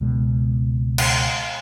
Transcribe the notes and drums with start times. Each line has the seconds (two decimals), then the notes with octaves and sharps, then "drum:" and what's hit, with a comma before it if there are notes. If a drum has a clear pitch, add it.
0.01 C#2 B2 G#3
0.98 drum: cymbal